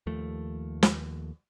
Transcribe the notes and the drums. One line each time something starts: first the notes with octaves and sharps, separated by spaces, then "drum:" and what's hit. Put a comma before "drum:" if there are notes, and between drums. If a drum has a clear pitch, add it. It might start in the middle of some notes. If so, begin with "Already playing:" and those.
D#2 F3 A3
drum: snare